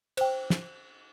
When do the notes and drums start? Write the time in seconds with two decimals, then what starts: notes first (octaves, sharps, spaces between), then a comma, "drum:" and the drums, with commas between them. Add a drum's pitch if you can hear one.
0.17 C5 G5, drum: cymbal
0.50 drum: snare